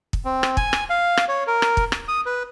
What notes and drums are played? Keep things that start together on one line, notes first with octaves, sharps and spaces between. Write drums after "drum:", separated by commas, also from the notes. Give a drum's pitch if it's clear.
drum: kick
C4
drum: rim click
G#5, drum: kick
drum: rim click
F5
drum: rim click
C#5
A#4
drum: rim click
drum: kick
drum: rim click
D#6
B4